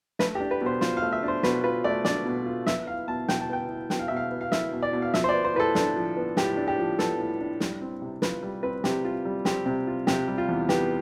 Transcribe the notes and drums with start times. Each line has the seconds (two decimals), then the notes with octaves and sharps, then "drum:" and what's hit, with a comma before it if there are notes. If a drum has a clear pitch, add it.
0.19 A3 B4, drum: snare
0.35 G4
0.40 D4
0.51 B4
0.61 B2
0.66 C5
0.81 F4 C5, drum: snare
0.97 F5
1.02 A3
1.12 E5
1.23 D4
1.28 C5
1.43 B2 B4, drum: snare
1.64 F4 B4
1.84 A3 D5
2.05 D4 D5, drum: snare
2.25 B2
2.46 F4
2.67 B3 E5, drum: snare
2.87 E4 F5
3.08 B2 A5
3.28 B2 G5, drum: snare
3.41 A5
3.49 B3 G5
3.69 E4
3.90 B2 G5, drum: snare
3.99 F5
4.08 B2 E5
4.17 F5
4.31 B3
4.41 F5
4.52 E4 E5, drum: snare
4.72 B2
4.83 D5
4.93 B2
5.02 F5
5.14 F3 E5, drum: snare
5.24 C5
5.29 D5
5.34 B3
5.45 C5
5.54 A2 B4
5.60 A4
5.75 D4 A4, drum: snare
5.96 F3
6.16 B3
6.37 A2 G4, drum: snare
6.57 D4
6.68 G4
6.79 F3
6.99 B3 A4, drum: snare
7.20 A2
7.40 D4
7.60 G3, drum: snare
7.81 C4
8.02 C3
8.22 F4 B4, drum: snare
8.43 G3
8.63 C4 B4
8.84 C3 G4, drum: snare
9.05 F4
9.25 G3
9.45 C4 G4, drum: snare
9.66 C3
9.87 F4
10.07 C3 G4, drum: snare
10.28 G3
10.38 F4
10.49 E2
10.69 B3 G4, drum: snare